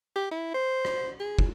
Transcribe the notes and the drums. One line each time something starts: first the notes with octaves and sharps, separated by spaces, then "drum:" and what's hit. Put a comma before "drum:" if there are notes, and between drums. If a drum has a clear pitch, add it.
G4
E4
C5
drum: rim click
G#4
drum: kick